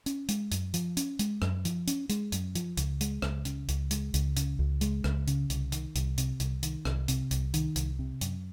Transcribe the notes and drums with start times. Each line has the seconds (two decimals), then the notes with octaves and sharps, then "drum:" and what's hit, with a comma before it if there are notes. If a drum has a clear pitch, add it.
0.06 C#4, drum: hi-hat
0.28 G#3, drum: hi-hat
0.51 F#2, drum: hi-hat
0.74 F3, drum: hi-hat
0.97 C#4, drum: hi-hat
1.19 G#3, drum: hi-hat
1.42 F#2, drum: rim click
1.65 F3, drum: hi-hat
1.87 C#4, drum: hi-hat
2.09 G#3, drum: hi-hat
2.32 F#2, drum: hi-hat
2.55 F3, drum: hi-hat
2.77 C#2, drum: hi-hat
3.01 G#3, drum: hi-hat
3.22 C#2, drum: rim click
3.45 C#3, drum: hi-hat
3.68 C#2, drum: hi-hat
3.91 G#3, drum: hi-hat
4.14 C#2, drum: hi-hat
4.36 C#3, drum: hi-hat
4.59 C#2
4.81 G#3, drum: hi-hat
5.04 C#2, drum: rim click
5.27 C#3, drum: hi-hat
5.50 C2, drum: hi-hat
5.72 D#3, drum: hi-hat
5.95 C2, drum: hi-hat
6.18 C3, drum: hi-hat
6.40 C2, drum: hi-hat
6.63 D#3, drum: hi-hat
6.85 C2, drum: rim click
7.08 C3, drum: hi-hat
7.31 C2, drum: hi-hat
7.54 D#3, drum: hi-hat
7.76 C2, drum: hi-hat
7.99 C3
8.21 F#2, drum: hi-hat